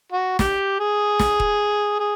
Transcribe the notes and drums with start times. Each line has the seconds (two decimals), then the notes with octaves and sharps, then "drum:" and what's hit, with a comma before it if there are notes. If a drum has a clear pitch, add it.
0.12 F#4
0.39 G4, drum: snare
0.79 G#4
1.19 drum: snare
1.40 drum: kick D#1
2.00 G#4